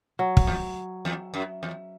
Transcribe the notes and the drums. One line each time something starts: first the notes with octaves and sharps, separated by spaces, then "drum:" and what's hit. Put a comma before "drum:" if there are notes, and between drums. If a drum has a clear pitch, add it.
F#3
drum: kick
E2
E2
F#2
E2